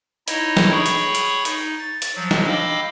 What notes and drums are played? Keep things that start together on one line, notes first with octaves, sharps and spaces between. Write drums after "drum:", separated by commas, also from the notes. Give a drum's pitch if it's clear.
D#4 E4 C#5 D#5, drum: hi-hat
drum: snare
G#4 C#5 G5 B5 C#6 D#6
drum: hi-hat
drum: hi-hat
D#4, drum: hi-hat
A6
drum: hi-hat
F3 F#3
drum: snare
D#5 F5 G5 B5 D6 E6